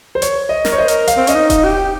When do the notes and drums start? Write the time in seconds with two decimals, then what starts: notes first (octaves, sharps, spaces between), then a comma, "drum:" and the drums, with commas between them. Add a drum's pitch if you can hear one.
0.15 C5
0.22 C#5, drum: hi-hat
0.49 D#5
0.65 A#4, drum: snare
0.72 C#5
0.76 C5 D#5
0.88 A#4, drum: hi-hat
1.07 F5, drum: hi-hat
1.17 C4
1.27 C#4 D#5, drum: hi-hat
1.35 D#4
1.50 D#5, drum: kick D#1, hi-hat
1.64 G4